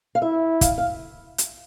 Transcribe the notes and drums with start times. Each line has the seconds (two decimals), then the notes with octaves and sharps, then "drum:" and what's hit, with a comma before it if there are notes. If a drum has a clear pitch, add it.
0.15 F5
0.22 E4 E5
0.61 F5, drum: kick, hi-hat
0.78 F5
1.38 drum: hi-hat